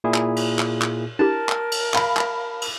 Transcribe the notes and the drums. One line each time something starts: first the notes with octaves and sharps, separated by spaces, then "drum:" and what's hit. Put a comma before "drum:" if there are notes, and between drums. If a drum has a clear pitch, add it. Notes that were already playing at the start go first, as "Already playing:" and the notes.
A#2 E4 G#4
drum: clap
drum: cymbal
drum: clap
drum: clap
D4 E4 G4 A#4 A5
drum: clap
drum: cymbal
F5 B5, drum: clap
drum: clap
drum: cymbal